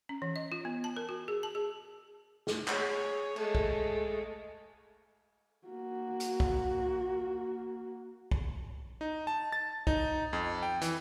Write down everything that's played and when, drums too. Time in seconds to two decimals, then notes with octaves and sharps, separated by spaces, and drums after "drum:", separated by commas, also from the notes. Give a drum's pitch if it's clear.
0.09 C#4
0.22 E3
0.36 D#5
0.52 F4
0.65 B3
0.84 A5
0.97 A#4
1.09 F#4
1.28 G#4
1.43 A5
1.55 G#4
2.47 drum: snare
2.67 G#4 C#5, drum: clap
3.36 G#3 A3, drum: cymbal
3.55 drum: kick
5.68 A#3 F#4
6.20 drum: hi-hat
6.40 drum: kick
8.31 drum: kick
9.01 D#4
9.27 A5
9.52 A6
9.87 D#4, drum: kick
10.33 F2
10.63 G5
10.81 E3, drum: hi-hat